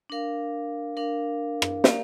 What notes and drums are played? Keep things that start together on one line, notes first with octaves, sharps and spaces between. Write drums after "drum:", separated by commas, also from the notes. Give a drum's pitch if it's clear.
D4 A#4 F5
D4 A#4 F5
drum: rim click
A#3 G4 A#4 D5 F5, drum: snare